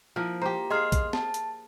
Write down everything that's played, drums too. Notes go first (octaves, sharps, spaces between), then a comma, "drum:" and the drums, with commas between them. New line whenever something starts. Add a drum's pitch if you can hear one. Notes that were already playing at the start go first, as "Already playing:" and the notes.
F3 A#3 E4
G4 C5 A#5
G#4 D#5 F5 C6 F6
drum: kick A#1, hi-hat
A5, drum: snare
drum: hi-hat